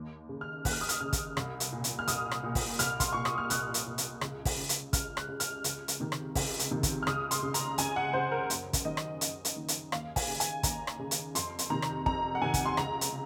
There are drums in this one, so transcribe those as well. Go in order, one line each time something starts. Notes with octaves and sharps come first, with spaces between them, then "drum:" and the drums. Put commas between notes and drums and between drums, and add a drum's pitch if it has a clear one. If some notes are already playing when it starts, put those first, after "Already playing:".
Already playing: D#2
C#3
F6
D#2 F#6, drum: kick, open hi-hat
F6
D#6
F6, drum: hi-hat
C#3 F6
drum: kick, hi-hat
C2, drum: rim click
drum: hi-hat
A#2
drum: hi-hat
F6
C2 D#6, drum: hi-hat
drum: rim click
A#2
drum: kick, open hi-hat
C2 F6, drum: hi-hat
C6, drum: kick, hi-hat
A#2 C#6
D#6, drum: rim click
F6
C2 F#6, drum: hi-hat
drum: hi-hat
A#2
drum: hi-hat
C#2, drum: rim click
drum: kick, open hi-hat
C#3
drum: hi-hat
C#2 F6, drum: kick, hi-hat
F#6, drum: rim click
C#3
F6, drum: hi-hat
C#2, drum: hi-hat
drum: hi-hat
C3 D#3
drum: rim click
C#2, drum: kick, open hi-hat
drum: hi-hat
C3 D#3
drum: kick, hi-hat
F6
C#2 D#6, drum: rim click
C6, drum: hi-hat
C#3
A#5, drum: hi-hat
C#2 G#5, drum: hi-hat
F#5
C#3 C5
A#4
F#2, drum: hi-hat
drum: kick, hi-hat
D#3 D#5
drum: rim click
F#2, drum: hi-hat
drum: hi-hat
D#3
drum: hi-hat
D#2 F5, drum: rim click
G#5, drum: kick, open hi-hat
C#3
G#5, drum: hi-hat
D#2 A#5, drum: kick, hi-hat
drum: rim click
C#3
drum: hi-hat
F2 C6, drum: hi-hat
drum: hi-hat
C3 D#3 A#5
drum: rim click
F2 A#5, drum: kick
F#5
C3 D#3 G#5
drum: kick, hi-hat
C6
C#2 A#5, drum: rim click
drum: hi-hat